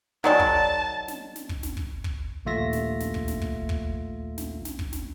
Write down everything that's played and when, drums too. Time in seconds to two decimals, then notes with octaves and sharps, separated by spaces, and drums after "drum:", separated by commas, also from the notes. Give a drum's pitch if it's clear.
0.24 D#3 F#3 G#3 D5 F#5 A5
0.39 drum: kick
1.08 drum: snare
1.36 drum: snare
1.49 drum: kick
1.63 drum: snare
1.77 drum: kick
2.04 drum: kick
2.45 A#1 D#2 A3 F4 E5 A#6
2.73 drum: snare
3.00 drum: snare
3.14 drum: kick
3.28 drum: snare
3.42 drum: kick
3.69 drum: kick
4.38 drum: snare
4.65 drum: snare
4.79 drum: kick
4.93 drum: snare